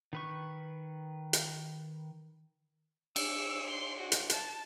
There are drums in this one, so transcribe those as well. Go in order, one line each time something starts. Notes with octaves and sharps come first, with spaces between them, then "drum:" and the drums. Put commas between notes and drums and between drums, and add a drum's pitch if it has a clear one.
D#3 B4 C#6
drum: hi-hat
E6, drum: cymbal
C6
F#4
drum: hi-hat
A5, drum: hi-hat